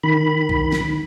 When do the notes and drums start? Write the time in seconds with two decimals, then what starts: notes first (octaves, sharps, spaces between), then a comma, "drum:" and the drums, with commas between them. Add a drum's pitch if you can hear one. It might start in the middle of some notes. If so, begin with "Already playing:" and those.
0.03 D#3 B5
0.49 drum: kick
0.72 drum: snare